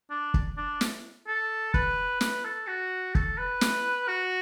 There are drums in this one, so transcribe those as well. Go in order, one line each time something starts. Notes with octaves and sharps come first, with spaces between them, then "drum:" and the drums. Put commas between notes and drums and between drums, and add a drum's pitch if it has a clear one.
D4
drum: kick
D4
drum: snare
A4
B4, drum: kick
B4, drum: snare
A4
F#4
A4, drum: kick
B4
drum: snare
F#4